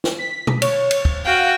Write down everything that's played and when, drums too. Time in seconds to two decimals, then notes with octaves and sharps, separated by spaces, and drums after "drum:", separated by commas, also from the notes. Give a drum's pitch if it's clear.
0.04 drum: snare
0.19 B6
0.47 drum: tom B2
0.62 C#5, drum: cymbal
0.91 drum: cymbal
1.05 drum: kick
1.25 F#4 F5 G5